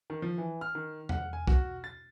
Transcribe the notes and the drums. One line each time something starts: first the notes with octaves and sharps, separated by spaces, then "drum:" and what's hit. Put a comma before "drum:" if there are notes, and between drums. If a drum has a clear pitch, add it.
D#3
F3
E3
F6
D#3
F#5, drum: tom E2
G#5
F#4, drum: kick
A6